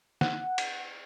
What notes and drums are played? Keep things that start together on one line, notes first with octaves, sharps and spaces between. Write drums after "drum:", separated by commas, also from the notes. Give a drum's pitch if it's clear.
F#5, drum: snare
drum: cymbal